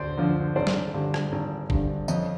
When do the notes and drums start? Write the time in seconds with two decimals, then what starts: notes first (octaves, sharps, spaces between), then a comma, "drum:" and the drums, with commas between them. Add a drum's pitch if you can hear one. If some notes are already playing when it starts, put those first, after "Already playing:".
Already playing: D2 C5 D5
0.17 D3 F3
0.56 G#1 C5 D5
0.67 drum: snare
0.94 G2 D3
1.14 drum: rim click
1.32 G#1
1.70 G2 D3, drum: kick G1
2.08 F2 C#5 D#5, drum: tambourine